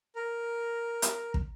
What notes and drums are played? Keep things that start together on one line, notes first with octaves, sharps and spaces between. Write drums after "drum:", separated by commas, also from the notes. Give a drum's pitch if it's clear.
A#4
drum: hi-hat
drum: kick